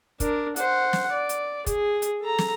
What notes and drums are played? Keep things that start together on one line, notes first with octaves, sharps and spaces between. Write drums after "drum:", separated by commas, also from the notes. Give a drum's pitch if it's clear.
D4 A#4, drum: kick, hi-hat
C5 F#5, drum: hi-hat
drum: snare
D5
drum: hi-hat
G#4, drum: kick, hi-hat
drum: hi-hat
A4 A#5
drum: snare